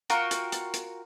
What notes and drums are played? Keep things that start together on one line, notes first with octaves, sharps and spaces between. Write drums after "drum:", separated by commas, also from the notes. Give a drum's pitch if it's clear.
F4 F#4 A#4 G5, drum: hi-hat
drum: hi-hat
drum: hi-hat
drum: hi-hat